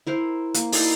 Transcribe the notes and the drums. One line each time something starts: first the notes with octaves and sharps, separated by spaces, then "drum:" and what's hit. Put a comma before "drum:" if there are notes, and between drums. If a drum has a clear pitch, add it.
E4 A#4 C5
A#3, drum: hi-hat
D#4 E4 D5 F5, drum: open hi-hat